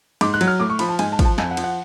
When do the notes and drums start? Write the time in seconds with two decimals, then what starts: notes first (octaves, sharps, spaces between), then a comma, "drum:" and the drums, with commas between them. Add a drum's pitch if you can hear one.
0.21 G#2 D6, drum: cymbal
0.34 F#6
0.41 F#3, drum: cymbal
0.47 F6
0.60 A2 D6
0.70 C#6
0.79 F3 B5, drum: cymbal
0.89 A5
0.99 G#2 G#5, drum: cymbal
1.12 A5
1.19 F3, drum: kick, cymbal
1.25 A5
1.38 F2 G#5, drum: snare
1.51 F#5
1.57 F3, drum: cymbal
1.64 F#5